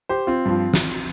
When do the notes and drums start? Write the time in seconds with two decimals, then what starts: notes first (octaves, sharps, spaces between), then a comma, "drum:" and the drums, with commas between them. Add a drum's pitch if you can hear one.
0.09 G4 C5
0.27 C4 F4
0.45 G2 F3
0.74 drum: snare